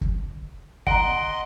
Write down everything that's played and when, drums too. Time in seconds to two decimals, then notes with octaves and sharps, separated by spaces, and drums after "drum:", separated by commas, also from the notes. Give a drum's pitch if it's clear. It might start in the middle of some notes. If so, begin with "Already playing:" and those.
0.01 drum: kick
0.87 D#5 F#5 A#5 C6 D7, drum: kick